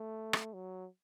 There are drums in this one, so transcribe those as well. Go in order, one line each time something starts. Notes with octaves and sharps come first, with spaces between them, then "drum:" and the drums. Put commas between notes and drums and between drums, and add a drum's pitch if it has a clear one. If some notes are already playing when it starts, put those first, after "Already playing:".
Already playing: A3
drum: rim click
F#3